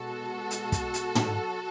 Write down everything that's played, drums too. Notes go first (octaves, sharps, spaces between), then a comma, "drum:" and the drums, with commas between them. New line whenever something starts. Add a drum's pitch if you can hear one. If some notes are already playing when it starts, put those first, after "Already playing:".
Already playing: B2 G#3 F#4 A4
drum: hi-hat
drum: kick, hi-hat
drum: hi-hat
drum: tom
F#3